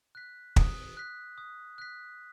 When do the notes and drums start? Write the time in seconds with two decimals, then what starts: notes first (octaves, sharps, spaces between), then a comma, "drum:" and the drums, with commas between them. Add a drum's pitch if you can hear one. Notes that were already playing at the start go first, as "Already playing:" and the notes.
0.15 F#6 B6
0.56 D#6, drum: kick
0.97 F#6 B6
1.38 D#6
1.78 F#6 B6